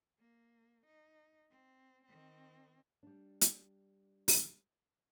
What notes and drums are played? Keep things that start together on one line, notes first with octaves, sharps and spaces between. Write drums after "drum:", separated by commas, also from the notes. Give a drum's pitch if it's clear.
A#3
D#4
C4
D#3 C4
G3 D4
drum: hi-hat
drum: open hi-hat